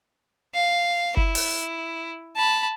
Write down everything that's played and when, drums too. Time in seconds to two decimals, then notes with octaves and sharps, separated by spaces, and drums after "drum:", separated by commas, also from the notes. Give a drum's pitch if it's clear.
0.54 F5
1.17 E4, drum: kick F#1
1.35 drum: open hi-hat
2.36 A5 B5